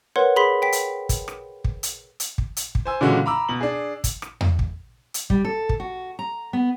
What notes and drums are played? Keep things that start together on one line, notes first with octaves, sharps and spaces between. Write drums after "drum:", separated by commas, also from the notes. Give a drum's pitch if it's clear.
A#4 B4 C#5 F#5 C6
G#4 B5 C6 B6
G5 B6
drum: hi-hat
drum: kick, hi-hat
drum: rim click
drum: kick
drum: hi-hat
drum: hi-hat
drum: kick
drum: hi-hat
drum: kick
C5 G#5 E6
A#2 D3 E3 G#3 C#4 F#4
A#5 B5 D6 E6
B2 F#7
D4 G#4
drum: kick, hi-hat
drum: rim click
drum: tom E2
drum: kick
drum: hi-hat
G3, drum: kick
A4
drum: kick
F#4
A#5
B3